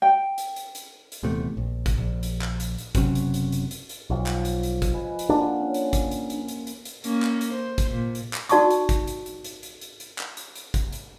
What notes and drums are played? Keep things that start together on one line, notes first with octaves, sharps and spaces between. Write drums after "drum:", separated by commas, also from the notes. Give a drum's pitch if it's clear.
G5
drum: hi-hat
drum: hi-hat
drum: hi-hat
drum: hi-hat
D#1 E2 C3 A3
A#1
drum: kick, hi-hat
A#1
drum: hi-hat
drum: clap
drum: hi-hat
drum: hi-hat
F#1 C3 F#3 C#4, drum: kick, hi-hat
drum: hi-hat
drum: hi-hat
drum: hi-hat
drum: hi-hat
drum: hi-hat
B1 F3
drum: clap
drum: hi-hat
drum: hi-hat
drum: kick, hi-hat
B4 D#5 G#5
drum: hi-hat
A#3 D4 F4 F#4
C#4
drum: hi-hat
drum: kick, hi-hat
drum: hi-hat
drum: hi-hat
drum: hi-hat
drum: hi-hat
drum: hi-hat
A#3 C#4, drum: hi-hat
drum: clap
drum: hi-hat
C5
drum: kick, hi-hat
A#2
drum: hi-hat
drum: clap
D#4 F#4 D5 A5 C#6 D#6, drum: hi-hat
drum: hi-hat
drum: kick, hi-hat
drum: hi-hat
drum: hi-hat
drum: hi-hat
drum: hi-hat
drum: hi-hat
drum: hi-hat
drum: clap
drum: hi-hat
drum: hi-hat
drum: kick, hi-hat
drum: hi-hat